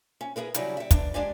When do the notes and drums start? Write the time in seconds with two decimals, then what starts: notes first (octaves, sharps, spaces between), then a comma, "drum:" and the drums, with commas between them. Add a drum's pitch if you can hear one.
0.21 C#4
0.36 E4 G#4 A#4 B4
0.54 C#3 F#3 G3 D4 E4 G#4, drum: hi-hat
0.77 G3 E5
0.91 E3 D4, drum: kick, hi-hat
1.14 G#3 D4 G4 D5 G#5